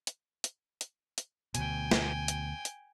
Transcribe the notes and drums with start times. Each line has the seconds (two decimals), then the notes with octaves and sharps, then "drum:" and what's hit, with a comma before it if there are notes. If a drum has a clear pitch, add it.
0.07 drum: hi-hat
0.44 drum: hi-hat
0.81 drum: hi-hat
1.18 drum: hi-hat
1.55 D2 B2 G5 G#5, drum: hi-hat
1.91 drum: snare
2.28 drum: hi-hat
2.65 drum: hi-hat